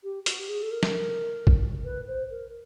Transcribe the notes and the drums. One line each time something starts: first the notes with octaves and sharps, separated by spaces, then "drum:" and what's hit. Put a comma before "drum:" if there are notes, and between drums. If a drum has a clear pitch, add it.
G4
F#4, drum: hi-hat
G4
G#4
A4
A#4
drum: snare
drum: kick
B4
C5
A#4